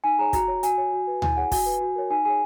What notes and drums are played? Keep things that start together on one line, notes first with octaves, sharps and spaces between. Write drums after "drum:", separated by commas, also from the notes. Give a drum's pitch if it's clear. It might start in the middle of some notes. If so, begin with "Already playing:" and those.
D#4 G#5
G#4 C#5 A#5
F#4 A#5, drum: kick, hi-hat
C#5
F#4 G#5, drum: hi-hat
C#5
F#4
B4
E4 G#5, drum: tom D2
G#4 C#5 F#5
F#4 G#5, drum: kick, open hi-hat
B4
F#4
A#4 C#5
D#4 G#5
G#4 C#5 G#5